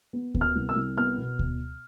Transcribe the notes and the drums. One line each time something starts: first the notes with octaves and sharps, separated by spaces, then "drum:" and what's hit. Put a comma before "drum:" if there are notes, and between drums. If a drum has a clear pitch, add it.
B3
B3, drum: kick D2
F6
C2
E6
C2
B3 F6
B2
drum: kick D2